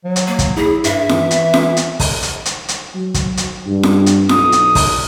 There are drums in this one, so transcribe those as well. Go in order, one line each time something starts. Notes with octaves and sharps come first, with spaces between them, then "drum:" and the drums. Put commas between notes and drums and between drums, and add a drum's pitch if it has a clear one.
F#3
drum: hi-hat
A#3
drum: kick, hi-hat
E4 G#4
G2 E5, drum: hi-hat
E3, drum: snare F4
drum: hi-hat
drum: snare F4
drum: hi-hat
drum: kick, open hi-hat
drum: hi-hat
drum: hi-hat
drum: hi-hat
F#3
drum: kick, hi-hat
drum: hi-hat
G2
drum: snare F4
drum: hi-hat
B1 D#6, drum: snare F4
drum: hi-hat
drum: kick, open hi-hat